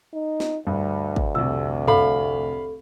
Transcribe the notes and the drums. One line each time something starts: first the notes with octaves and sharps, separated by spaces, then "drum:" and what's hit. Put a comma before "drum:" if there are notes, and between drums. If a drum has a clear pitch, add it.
D#4
drum: snare
D2 G2
drum: kick
F1 C2 E6
A4 F5 B5, drum: tom